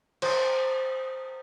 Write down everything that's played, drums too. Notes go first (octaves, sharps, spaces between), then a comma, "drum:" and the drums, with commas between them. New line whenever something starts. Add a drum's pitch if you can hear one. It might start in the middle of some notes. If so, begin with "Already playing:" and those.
C5, drum: cymbal